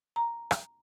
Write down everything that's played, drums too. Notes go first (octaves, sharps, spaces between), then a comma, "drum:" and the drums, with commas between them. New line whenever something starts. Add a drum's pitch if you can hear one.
A#5
drum: rim click